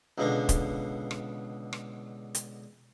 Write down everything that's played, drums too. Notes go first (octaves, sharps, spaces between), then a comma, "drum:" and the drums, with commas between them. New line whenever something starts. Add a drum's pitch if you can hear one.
C#2 B2 D3
drum: kick, hi-hat
drum: rim click
drum: rim click
drum: hi-hat